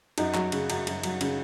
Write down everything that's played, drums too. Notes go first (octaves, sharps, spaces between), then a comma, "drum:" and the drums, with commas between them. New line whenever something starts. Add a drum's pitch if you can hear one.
F#2 D#4, drum: cymbal
F#3, drum: clap
C#3, drum: cymbal
F#2, drum: cymbal
F#2, drum: cymbal
F#3, drum: cymbal
C#3, drum: cymbal